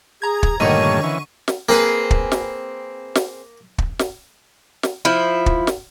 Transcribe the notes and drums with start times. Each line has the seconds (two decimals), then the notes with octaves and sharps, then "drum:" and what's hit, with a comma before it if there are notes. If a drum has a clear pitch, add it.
0.22 G#4 A#5 G#6
0.43 drum: kick
0.60 G2 A#2 D3 D#3 A3 C#5 C#6 D#7
1.03 E3 C#4
1.48 drum: snare
1.69 A#3 C4 G#4 B4
2.11 drum: kick
2.32 drum: snare
3.15 drum: snare
3.78 drum: kick
3.99 drum: snare
4.83 drum: snare
5.05 F3 E4
5.46 drum: kick
5.67 drum: snare